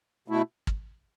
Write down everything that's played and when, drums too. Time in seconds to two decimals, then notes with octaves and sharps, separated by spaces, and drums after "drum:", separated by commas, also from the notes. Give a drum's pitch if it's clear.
0.28 B2 A3 E4
0.67 drum: kick